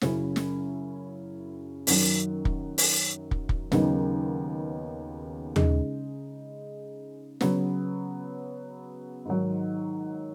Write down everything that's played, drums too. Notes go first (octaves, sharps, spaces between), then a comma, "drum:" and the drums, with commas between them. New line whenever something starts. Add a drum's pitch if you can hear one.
F#2 C#3 F#3 C#4 E4, drum: snare
drum: snare
F#2 D#3 F#3, drum: open hi-hat
drum: kick
drum: open hi-hat
drum: kick
drum: kick
D#2 C#3 F#3 B3 D#4, drum: snare
C#3 G#3 D#4, drum: tom D#2
C#3 F#3 B3, drum: snare
G#2 D#3 F#3